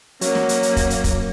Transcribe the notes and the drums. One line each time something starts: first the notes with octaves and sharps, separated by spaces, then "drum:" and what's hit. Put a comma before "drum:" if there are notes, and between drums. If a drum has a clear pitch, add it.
F#3 A#3 C#4, drum: hi-hat
drum: snare
drum: hi-hat
drum: hi-hat
drum: kick, hi-hat
drum: hi-hat
drum: kick, hi-hat